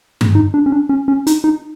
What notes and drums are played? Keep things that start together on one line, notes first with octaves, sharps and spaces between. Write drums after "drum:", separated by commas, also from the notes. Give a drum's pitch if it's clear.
drum: tom G2
D#4
D4
C#4
D4
C#4
C#4
D#4, drum: hi-hat
D#4